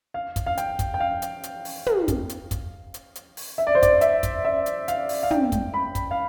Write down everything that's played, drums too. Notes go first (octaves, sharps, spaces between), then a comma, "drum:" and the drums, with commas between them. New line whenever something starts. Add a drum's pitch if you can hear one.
F5
drum: kick, hi-hat
F5
G5, drum: hi-hat
drum: kick, hi-hat
G5
F5
drum: hi-hat
drum: hi-hat
drum: open hi-hat
drum: tom
drum: kick, hi-hat
drum: hi-hat
drum: kick, hi-hat
drum: hi-hat
drum: hi-hat
drum: open hi-hat
E5
D5
C5
D5, drum: kick, hi-hat
E5, drum: hi-hat
drum: kick, hi-hat
E5
drum: hi-hat
F5, drum: hi-hat
drum: open hi-hat
F5
G5, drum: tom
drum: kick, hi-hat
B5
drum: kick, hi-hat
F5